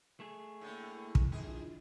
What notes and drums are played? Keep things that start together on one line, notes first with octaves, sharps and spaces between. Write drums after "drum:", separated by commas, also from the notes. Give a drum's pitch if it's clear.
A3 G#4
A2 D3 A#3 E4
drum: kick
F2 D#3 D4 E4 F4 G#4